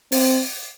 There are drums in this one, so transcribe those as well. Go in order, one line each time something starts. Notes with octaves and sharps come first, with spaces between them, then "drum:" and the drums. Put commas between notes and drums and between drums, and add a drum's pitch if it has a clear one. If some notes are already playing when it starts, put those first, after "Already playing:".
C4, drum: open hi-hat